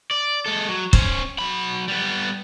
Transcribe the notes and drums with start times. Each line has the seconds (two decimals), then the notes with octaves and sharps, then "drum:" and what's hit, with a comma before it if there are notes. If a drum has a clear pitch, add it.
0.11 D5
0.46 G#3 A4
0.69 F#3
0.93 C#4 C5, drum: kick
1.39 F#3 B5
1.88 G3 B3